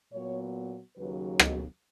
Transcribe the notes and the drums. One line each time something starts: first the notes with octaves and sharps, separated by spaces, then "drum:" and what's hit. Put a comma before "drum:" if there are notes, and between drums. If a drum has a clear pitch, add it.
A#2 F#3 B3 C#5
D#2 C#3 F#3 B4
D#5, drum: rim click